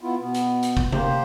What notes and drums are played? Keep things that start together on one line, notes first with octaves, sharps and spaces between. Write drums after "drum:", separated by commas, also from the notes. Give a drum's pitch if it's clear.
B3 E4 F4
B2 B3
drum: hi-hat
drum: hi-hat
drum: kick
A#3 G4 C5, drum: tom C3